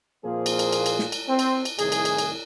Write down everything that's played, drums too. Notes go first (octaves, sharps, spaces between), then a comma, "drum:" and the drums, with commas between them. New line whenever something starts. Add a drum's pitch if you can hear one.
A#2 F3 A#3 C4 F4 G#4
drum: cymbal
drum: cymbal
drum: cymbal
drum: cymbal
drum: snare
drum: cymbal
C4
drum: cymbal
drum: cymbal
C2 A2 D#3 G#4, drum: cymbal
drum: cymbal
drum: cymbal
drum: cymbal